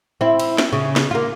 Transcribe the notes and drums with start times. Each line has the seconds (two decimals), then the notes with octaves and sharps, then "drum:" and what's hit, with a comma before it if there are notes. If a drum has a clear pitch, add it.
0.21 C4 E4
0.40 drum: cymbal
0.58 drum: snare
0.73 C#3
0.96 drum: snare
1.11 A#3 F4